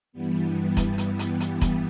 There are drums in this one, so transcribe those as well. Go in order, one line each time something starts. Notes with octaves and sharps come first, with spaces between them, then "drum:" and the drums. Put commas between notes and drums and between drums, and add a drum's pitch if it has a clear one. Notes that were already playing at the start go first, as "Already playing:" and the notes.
G2 E3 G3 B3
drum: kick, hi-hat
drum: hi-hat
drum: hi-hat
drum: hi-hat
drum: kick, hi-hat